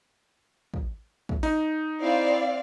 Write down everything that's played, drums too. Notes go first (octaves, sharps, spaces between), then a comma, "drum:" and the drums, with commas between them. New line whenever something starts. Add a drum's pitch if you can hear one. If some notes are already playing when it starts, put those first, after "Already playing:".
drum: kick
drum: kick
D#4, drum: open hi-hat
C4 E4 D5 F5